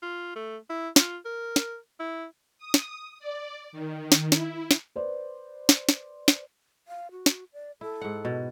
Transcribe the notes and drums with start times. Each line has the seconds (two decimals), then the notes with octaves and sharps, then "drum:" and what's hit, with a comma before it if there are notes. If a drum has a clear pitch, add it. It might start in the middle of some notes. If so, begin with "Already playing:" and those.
0.03 F4
0.36 A3
0.70 E4
0.96 F4, drum: snare
1.25 A#4
1.56 drum: snare
2.00 E4
2.59 D#6
2.74 drum: snare
3.19 D5
3.72 D#3
4.12 drum: snare
4.32 E4, drum: snare
4.71 drum: snare
4.96 B4 C5 D5
5.69 drum: snare
5.89 drum: snare
6.28 drum: snare
6.88 F5
7.11 F#4
7.26 drum: snare
7.53 D5
7.81 E4 A4
8.01 G#2 F#5
8.25 B2